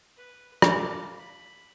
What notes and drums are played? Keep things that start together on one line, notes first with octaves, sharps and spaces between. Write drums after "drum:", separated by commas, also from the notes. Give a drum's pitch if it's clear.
B4
F5 A5 D6, drum: rim click
B5